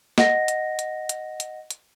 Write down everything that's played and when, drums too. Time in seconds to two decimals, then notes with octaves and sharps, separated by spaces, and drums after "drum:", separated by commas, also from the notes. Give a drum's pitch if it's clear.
0.18 D#5 F#5 A#6, drum: snare
0.48 drum: hi-hat
0.79 drum: hi-hat
1.09 drum: hi-hat
1.40 drum: hi-hat
1.70 drum: hi-hat